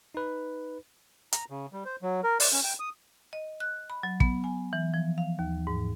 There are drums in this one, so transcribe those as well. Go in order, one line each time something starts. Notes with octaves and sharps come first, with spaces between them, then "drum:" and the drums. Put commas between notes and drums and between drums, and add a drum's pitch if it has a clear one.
D#4 B4
A#5, drum: hi-hat
C#3
G3
C5
F#3
A#4
D5, drum: open hi-hat
C#4
G5
D#6
D#5
F#6
B5
F#3
B3, drum: kick
G#5
E3
F3
F5
D#2
G#2